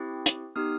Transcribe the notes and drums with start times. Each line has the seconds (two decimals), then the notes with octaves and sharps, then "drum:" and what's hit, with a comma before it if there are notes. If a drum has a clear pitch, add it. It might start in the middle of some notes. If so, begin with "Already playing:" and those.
Already playing: C4 E4 G4 C#6 D#6
0.26 drum: hi-hat
0.56 B3 D#4 G4 D#6 F6